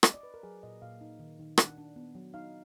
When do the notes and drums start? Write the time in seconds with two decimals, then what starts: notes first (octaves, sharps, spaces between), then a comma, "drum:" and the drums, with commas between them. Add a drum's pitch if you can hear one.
0.03 D#5, drum: rim click
0.14 D5
0.23 B4
0.34 A#4
0.43 F#3 G#4
0.63 A#2 D#5
0.82 A#2 F5
1.01 D#4
1.20 D#3
1.40 D#3
1.58 D4 F#5, drum: rim click
1.78 D4
1.96 B3
2.15 F#3
2.34 D#4 F5